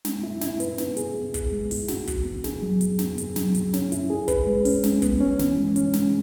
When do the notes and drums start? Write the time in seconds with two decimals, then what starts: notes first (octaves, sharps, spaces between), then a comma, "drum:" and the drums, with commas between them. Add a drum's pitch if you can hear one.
0.05 G#3, drum: snare
0.24 E4
0.41 E4, drum: snare
0.60 B4, drum: hi-hat
0.78 B3, drum: snare
0.97 G#4, drum: hi-hat
1.15 B3
1.34 G#4, drum: kick, hi-hat
1.52 G#3
1.71 E4, drum: open hi-hat
1.88 F#4, drum: snare
2.07 E3, drum: kick, hi-hat
2.25 B3
2.44 G#4, drum: snare
2.62 F#3
2.81 E2, drum: hi-hat
2.99 B3, drum: snare
3.18 G#4, drum: hi-hat
3.36 F#3, drum: snare
3.55 C#2, drum: hi-hat
3.74 C#4, drum: snare
3.92 E4, drum: hi-hat
4.10 G#4
4.28 B4, drum: kick, hi-hat
4.47 G#3
4.65 C#4, drum: open hi-hat
4.84 G#3, drum: snare
5.02 B3, drum: kick, hi-hat
5.20 C#4
5.39 E3, drum: snare
5.57 G#3
5.76 C#4, drum: hi-hat
5.94 G#3, drum: snare